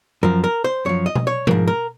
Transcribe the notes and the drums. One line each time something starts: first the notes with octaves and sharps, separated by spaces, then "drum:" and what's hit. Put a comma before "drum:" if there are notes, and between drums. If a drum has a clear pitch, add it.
F#2 F3 A#4
A#4
C5
F#2 F3 C#5
D#5
drum: tom B2
C#5
G#2 F3 A#4, drum: tom B2
A#4